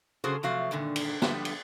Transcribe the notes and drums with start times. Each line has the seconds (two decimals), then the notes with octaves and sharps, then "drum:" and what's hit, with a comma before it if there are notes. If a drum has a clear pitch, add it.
0.24 C#3 F#3 F#4 G#4 A4 C5
0.43 C3 F3 F#3 A3 F#4 F5
0.71 G2 A#2 D3 D#3
0.96 drum: cymbal
1.22 D3 F3 G3 A3 B3, drum: snare
1.45 drum: cymbal